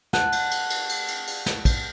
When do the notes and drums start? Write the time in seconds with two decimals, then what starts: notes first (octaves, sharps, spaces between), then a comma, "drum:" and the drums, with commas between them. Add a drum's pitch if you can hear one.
0.13 F#5 A5 F#6, drum: snare
0.32 drum: cymbal
0.51 drum: cymbal
0.70 drum: cymbal
0.89 drum: cymbal
1.08 drum: cymbal
1.27 drum: cymbal
1.46 drum: snare
1.65 drum: kick, cymbal